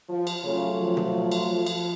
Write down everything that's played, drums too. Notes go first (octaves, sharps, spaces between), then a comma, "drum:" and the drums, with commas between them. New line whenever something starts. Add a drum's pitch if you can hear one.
F3
drum: cymbal
C#3 F#3 A3 F4
F3
drum: tom
F3
drum: cymbal
F3
drum: cymbal